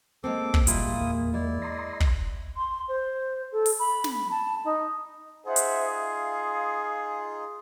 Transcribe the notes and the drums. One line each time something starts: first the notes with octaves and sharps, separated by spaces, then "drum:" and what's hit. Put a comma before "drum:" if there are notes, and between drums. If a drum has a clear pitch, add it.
G#3 A#3 C4 A4 D6
drum: kick
A#2 G3 G#3 E4 F4 D#6, drum: hi-hat
E2 A#3
G#3 E4 D5
D#5 A#5 C6
drum: kick
C6
C5
A4
drum: open hi-hat
B5
drum: snare
A5
D#4
D#4 F4 G#4 C5 E5 F#5
drum: hi-hat
F5